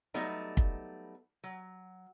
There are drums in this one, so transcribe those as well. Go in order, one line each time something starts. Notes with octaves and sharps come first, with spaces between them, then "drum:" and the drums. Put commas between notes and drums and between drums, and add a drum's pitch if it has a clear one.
F#3 G3 A3 B3 D#4
drum: kick
F#3